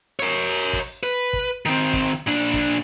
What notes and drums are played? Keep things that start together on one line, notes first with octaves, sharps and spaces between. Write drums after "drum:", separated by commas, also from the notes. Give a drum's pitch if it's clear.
A#4 C#5
drum: open hi-hat
drum: kick, open hi-hat
B4, drum: hi-hat
drum: kick
D#3 C4, drum: open hi-hat
drum: kick, open hi-hat
A#2 D4
drum: kick, hi-hat